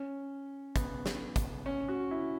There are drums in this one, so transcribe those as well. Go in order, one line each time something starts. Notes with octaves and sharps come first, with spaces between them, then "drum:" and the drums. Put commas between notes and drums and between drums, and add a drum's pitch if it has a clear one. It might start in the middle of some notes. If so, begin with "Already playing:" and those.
Already playing: C#4
B3, drum: kick, hi-hat
drum: snare
drum: kick, hi-hat
C#4
F#4
E4